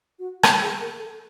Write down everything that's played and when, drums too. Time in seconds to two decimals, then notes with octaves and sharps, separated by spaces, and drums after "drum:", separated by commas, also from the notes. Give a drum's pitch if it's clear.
0.19 F#4
0.43 drum: rim click
0.62 G#4
0.80 A#4
0.99 A4